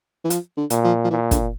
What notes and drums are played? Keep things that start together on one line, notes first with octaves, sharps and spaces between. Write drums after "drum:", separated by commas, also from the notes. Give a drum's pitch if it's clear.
E3
F3, drum: hi-hat
D3
A#2, drum: hi-hat
F3
F3
A#2 E3
D3, drum: kick, hi-hat